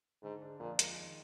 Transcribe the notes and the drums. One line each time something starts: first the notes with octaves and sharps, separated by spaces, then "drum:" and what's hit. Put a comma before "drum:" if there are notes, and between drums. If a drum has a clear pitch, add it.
G#2 D3
D4
F2 A#2
G#3, drum: hi-hat
D#3